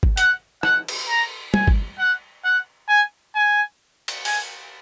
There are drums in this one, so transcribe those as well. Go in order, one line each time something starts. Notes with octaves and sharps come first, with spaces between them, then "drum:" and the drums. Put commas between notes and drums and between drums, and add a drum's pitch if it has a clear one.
drum: kick
F#5, drum: hi-hat
F#5, drum: rim click
drum: cymbal
A#5
G#5, drum: tom
drum: kick
F#5
F#5
G#5
G#5
drum: cymbal
G#5, drum: open hi-hat